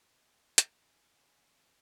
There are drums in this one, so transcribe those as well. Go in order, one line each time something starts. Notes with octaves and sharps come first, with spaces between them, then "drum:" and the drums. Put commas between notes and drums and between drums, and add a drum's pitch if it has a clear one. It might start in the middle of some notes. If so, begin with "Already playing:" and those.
B2 G#3 C4
drum: hi-hat
D#3 C#4
F#3 C#4 F4
E2 E4 F5
C3 E3 G#4